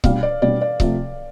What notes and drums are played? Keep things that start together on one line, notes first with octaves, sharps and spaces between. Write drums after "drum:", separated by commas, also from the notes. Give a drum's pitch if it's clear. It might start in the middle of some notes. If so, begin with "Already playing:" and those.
B2 G3 D4 F5, drum: kick C#1
D5
B2 G3 D4 D5
D5
C3 F3 A3, drum: kick C#1